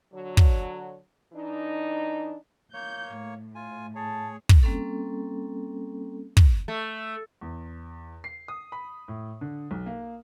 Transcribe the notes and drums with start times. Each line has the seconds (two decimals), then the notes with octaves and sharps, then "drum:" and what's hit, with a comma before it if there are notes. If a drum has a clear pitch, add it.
0.13 D3 F#3
0.37 drum: kick
1.33 E3 D4 D#4
2.74 A#3 C#5 G6
3.17 A2
3.55 F4 G#5
3.96 G#4 C#5 A5
4.49 drum: kick
4.63 G3 A#3 C4 C#4 A4
6.37 drum: kick
6.68 A3
7.41 E2
8.24 C7
8.48 D#6
8.72 B5
9.08 A2
9.41 D3
9.71 B1
9.86 A#3